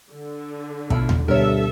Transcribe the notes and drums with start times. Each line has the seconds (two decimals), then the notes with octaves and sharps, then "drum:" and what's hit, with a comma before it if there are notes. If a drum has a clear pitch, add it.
0.12 D3
0.90 B2 A3 E4 F4, drum: kick
1.09 drum: tom D#2
1.28 D2 G2 B2 A4 A#4 C#5 E5